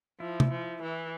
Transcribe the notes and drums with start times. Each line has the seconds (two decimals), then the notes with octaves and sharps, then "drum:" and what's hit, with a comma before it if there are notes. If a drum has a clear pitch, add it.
0.20 F3 E4
0.40 drum: tom
0.51 F3
0.82 E3